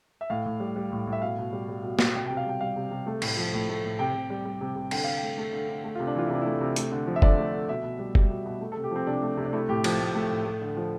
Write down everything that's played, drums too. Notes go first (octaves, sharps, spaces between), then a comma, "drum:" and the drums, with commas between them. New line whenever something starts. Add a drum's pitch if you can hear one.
E5
A2 F5
A2
G3
G3
A2
A2
E5
B2 F5
B2
G3
G3
B2
B2, drum: snare
C3 G5
G5
C3
F5
G3 G5
G3 F5
C3
C3
A3
A2, drum: cymbal
F3
A2
A3
A2
C3 G5
C3
G3
G3
C3
C3
D3 G5, drum: cymbal
D3 F5
G5
A3
A3
D3
D3
A3
F4
C3
D4
E3 F4
E4
C3 D4
A3 E4
C3
A3, drum: hi-hat
D3
F3
E5
D3 D5, drum: kick F#1
A3
D3
B2 E5
B2
G3
G3, drum: kick F#1
B2
B2
A3
A4
C3
G4
F3 C4
C3 D4
A3
C3
D4
A3 E4
A2 G4
F3, drum: cymbal
A2
A3
A2
A3
D3
F3